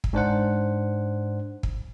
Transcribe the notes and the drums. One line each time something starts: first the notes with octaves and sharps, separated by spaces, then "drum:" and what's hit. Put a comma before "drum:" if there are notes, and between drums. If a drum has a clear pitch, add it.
drum: kick
G#2 D4 C5 F#5
drum: kick